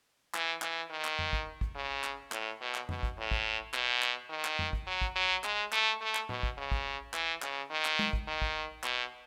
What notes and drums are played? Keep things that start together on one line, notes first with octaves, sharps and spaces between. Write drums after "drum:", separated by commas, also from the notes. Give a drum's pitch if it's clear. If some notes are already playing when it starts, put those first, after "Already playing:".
E3, drum: clap
E3, drum: clap
D#3
drum: clap
drum: tom F2
drum: kick
drum: kick
C#3
drum: clap
A2, drum: clap
B2
drum: clap
B2, drum: tom F2
drum: kick
A2
drum: kick
B2, drum: clap
drum: clap
D#3
drum: clap
drum: tom F2
drum: kick
F#3
drum: kick
F#3
G#3, drum: clap
A3, drum: clap
A3
drum: clap
B2, drum: tom A2
drum: kick
C#3
drum: kick
E3, drum: clap
C#3, drum: clap
D#3
drum: clap
drum: tom
drum: kick
D#3
drum: kick
B2, drum: clap